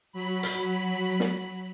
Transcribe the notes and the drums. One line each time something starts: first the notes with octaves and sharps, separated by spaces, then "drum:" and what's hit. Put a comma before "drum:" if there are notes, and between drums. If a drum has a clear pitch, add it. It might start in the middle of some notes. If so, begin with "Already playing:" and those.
F#3 B5
drum: hi-hat
drum: snare